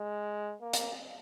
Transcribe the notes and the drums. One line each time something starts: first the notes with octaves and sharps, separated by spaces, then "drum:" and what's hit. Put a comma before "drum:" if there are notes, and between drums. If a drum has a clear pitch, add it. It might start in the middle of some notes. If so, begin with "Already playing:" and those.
Already playing: G#3
A#3
drum: hi-hat